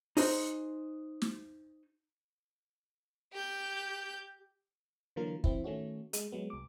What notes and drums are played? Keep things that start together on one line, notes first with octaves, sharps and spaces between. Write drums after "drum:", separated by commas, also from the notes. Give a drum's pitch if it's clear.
D#4 F#4 G#4 C5, drum: open hi-hat
drum: snare
G4 G6
D3 E3 F#3 A#3 F4 A#4
E3 C4 E4, drum: kick
D#3 A3 C#4 F#4
G#3, drum: hi-hat
F#3 G#3 B3
C2 D6